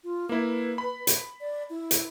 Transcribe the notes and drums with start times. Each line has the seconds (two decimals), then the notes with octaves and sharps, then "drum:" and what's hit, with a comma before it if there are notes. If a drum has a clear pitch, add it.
0.04 F4
0.29 A#3 E4 B4
0.78 B5
1.07 drum: hi-hat
1.41 D5
1.70 E4
1.91 drum: hi-hat